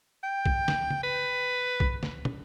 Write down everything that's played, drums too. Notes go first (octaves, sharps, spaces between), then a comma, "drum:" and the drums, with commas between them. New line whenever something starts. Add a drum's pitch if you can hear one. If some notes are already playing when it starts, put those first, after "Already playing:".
G5
drum: kick
drum: snare
drum: tom C#3
B4
drum: kick
drum: snare
drum: tom